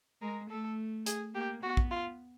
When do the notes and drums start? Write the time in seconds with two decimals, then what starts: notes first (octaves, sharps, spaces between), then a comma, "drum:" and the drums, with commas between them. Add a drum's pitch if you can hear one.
0.22 G#3 A#4
0.50 A3 A4
1.06 G#4, drum: hi-hat
1.34 A#3 G4
1.63 B3 F#4
1.77 drum: kick
1.91 F4